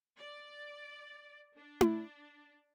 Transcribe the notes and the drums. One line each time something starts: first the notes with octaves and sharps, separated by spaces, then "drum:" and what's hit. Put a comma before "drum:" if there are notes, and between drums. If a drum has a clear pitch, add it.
D5
D4
drum: tom E4